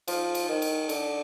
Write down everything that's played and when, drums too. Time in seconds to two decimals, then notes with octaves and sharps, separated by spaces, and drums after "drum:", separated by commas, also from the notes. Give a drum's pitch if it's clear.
0.08 F3, drum: cymbal
0.35 drum: cymbal
0.49 D#3
0.62 drum: cymbal
0.89 D3, drum: cymbal